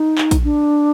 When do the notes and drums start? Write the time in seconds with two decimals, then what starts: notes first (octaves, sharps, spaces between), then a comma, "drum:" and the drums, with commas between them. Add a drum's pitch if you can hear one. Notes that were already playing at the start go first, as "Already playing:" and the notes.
Already playing: D#4
0.18 drum: clap
0.31 drum: kick A#1, hi-hat
0.44 D4